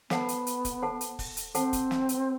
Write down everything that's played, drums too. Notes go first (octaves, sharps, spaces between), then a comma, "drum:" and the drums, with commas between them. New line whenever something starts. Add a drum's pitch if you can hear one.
B3 A4 C5 F#5 A5, drum: snare
drum: hi-hat
drum: hi-hat
drum: kick, hi-hat
A4 C5 F#5 A5
drum: hi-hat
drum: kick, open hi-hat
drum: hi-hat
C4 A4 C5 F#5 A5, drum: hi-hat
drum: kick, hi-hat
drum: snare
drum: hi-hat